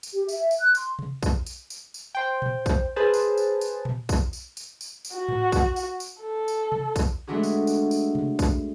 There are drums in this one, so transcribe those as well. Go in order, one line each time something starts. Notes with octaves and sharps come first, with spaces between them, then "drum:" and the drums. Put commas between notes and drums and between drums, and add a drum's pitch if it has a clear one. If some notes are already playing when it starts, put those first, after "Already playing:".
drum: tambourine
G4
E5, drum: tambourine
drum: tambourine
F#6
C6, drum: tambourine
drum: tom C3
drum: kick, tambourine
drum: tambourine
drum: tambourine
drum: tambourine
C5 G5
drum: tom A#2
drum: kick, tambourine
G#4 B4 C5 A5
drum: tambourine
drum: tambourine
drum: tambourine
drum: tom A#2
drum: kick, tambourine
drum: tambourine
drum: tambourine
drum: tambourine
drum: tambourine
F#4
drum: tom G#2
drum: kick, tambourine
drum: tambourine
drum: tambourine
A4
drum: tambourine
drum: tom C3
drum: kick, tambourine
G#3 A3 B3 D4 F#4 G#4
drum: tambourine
drum: tambourine
drum: tambourine
drum: tom C3
drum: kick, tambourine